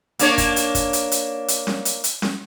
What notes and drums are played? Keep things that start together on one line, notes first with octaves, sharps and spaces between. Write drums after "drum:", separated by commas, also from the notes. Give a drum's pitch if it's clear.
A#3 D4 C#5, drum: hi-hat
drum: kick, hi-hat
drum: hi-hat
drum: kick, hi-hat
drum: hi-hat
drum: hi-hat
drum: hi-hat
drum: snare C#4
drum: hi-hat
drum: hi-hat
drum: snare C#4